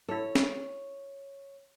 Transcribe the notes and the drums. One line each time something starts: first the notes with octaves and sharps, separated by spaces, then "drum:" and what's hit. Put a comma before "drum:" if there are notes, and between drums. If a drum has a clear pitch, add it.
E4 A4 C#5
drum: snare